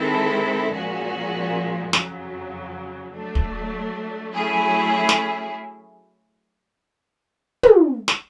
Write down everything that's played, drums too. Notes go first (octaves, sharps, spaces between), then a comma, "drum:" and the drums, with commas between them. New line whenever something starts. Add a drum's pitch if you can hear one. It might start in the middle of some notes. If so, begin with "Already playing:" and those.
Already playing: D#3 G#3 C4 E4 A4
A#2 F3 G#3 C#4 F#4
F2 C#3 F#3, drum: snare
F#3 A3 D4
drum: kick
F#3 A3 C#4 E4 G#4
drum: snare
drum: tom
drum: snare